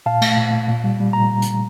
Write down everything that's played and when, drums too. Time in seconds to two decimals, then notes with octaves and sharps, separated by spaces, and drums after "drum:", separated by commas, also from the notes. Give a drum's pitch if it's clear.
0.06 A#2 F5 A5
0.22 A3, drum: cymbal
0.37 A#2
0.53 A#2
0.69 A#2
0.84 G3
1.00 G3
1.13 A#2 A#5
1.42 drum: hi-hat